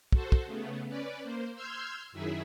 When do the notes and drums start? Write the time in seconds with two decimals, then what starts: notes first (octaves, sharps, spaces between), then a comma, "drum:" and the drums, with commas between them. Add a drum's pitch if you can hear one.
0.12 F#4 A4 C5, drum: kick
0.32 drum: kick
0.45 C#3 A3 B3
0.87 C#4 B4 D5
1.23 A#3 C5
1.55 C6 E6 F6 G6 G#6
2.12 F#2 D#3 F#3 E4 G#4 E5